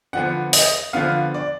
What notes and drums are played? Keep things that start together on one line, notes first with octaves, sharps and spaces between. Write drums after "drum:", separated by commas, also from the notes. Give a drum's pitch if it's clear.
D3 F3 B3 F#5
D#5, drum: open hi-hat
D3 F3 B3 F5
D5